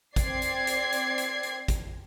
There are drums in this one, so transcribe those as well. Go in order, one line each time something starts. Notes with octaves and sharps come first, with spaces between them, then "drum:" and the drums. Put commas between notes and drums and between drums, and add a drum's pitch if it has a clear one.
C4 D5 G#6 C7, drum: kick, hi-hat
drum: hi-hat
drum: hi-hat
drum: hi-hat
drum: hi-hat
drum: hi-hat
drum: kick, hi-hat